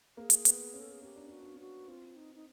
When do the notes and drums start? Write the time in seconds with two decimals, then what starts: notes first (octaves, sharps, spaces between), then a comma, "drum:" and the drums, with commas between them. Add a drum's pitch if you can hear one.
0.17 A#3 G#4
0.30 drum: hi-hat
0.45 B3, drum: hi-hat
0.74 C#4
0.80 A4
0.92 G#4
1.02 C#4 G4
1.16 D4
1.28 C#4 F#4
1.40 D4
1.54 C#4
1.60 F#4
1.88 C4 F4
2.16 D#4
2.35 D#4